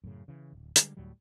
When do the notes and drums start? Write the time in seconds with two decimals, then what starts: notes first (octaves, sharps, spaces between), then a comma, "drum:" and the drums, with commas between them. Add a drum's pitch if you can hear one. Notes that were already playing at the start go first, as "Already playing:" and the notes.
0.04 F#2 A2 C#3
0.28 C#3 E3
0.52 D1
0.76 D3 G3 G#3, drum: hi-hat
0.97 D2 A2 F#3 G3